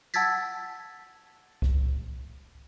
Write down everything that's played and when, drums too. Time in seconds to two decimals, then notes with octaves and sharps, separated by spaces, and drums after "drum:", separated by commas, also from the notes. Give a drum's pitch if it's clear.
0.14 F#5 A5 E6 G#6 A6 B6, drum: tambourine
1.62 drum: kick C2